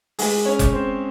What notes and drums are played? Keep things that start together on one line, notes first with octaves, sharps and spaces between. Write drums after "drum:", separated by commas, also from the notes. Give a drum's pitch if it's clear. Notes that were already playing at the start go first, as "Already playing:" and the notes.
G#3 G#4, drum: open hi-hat
C#4 C#5
drum: kick F1, hi-hat
C4 C5